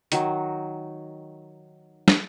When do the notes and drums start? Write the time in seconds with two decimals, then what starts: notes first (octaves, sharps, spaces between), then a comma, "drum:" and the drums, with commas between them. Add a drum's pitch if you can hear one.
0.12 D#3 F#3, drum: hi-hat
2.08 drum: snare